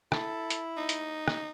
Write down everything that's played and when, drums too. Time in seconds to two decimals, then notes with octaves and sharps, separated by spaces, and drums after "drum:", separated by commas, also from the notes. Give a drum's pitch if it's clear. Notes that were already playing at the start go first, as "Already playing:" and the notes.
0.12 E4 A4, drum: rim click
0.50 drum: hi-hat
0.77 D#4
0.89 drum: hi-hat
1.28 drum: rim click